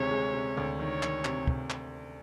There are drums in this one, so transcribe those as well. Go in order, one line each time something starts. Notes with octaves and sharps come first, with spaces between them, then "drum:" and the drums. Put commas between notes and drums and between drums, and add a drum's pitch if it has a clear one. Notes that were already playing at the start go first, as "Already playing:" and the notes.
Already playing: D2 C3 D#3 G#3 C#5
G#3
C3
D2
D#3 C#5
D#3, drum: clap
C3, drum: clap
drum: kick
drum: clap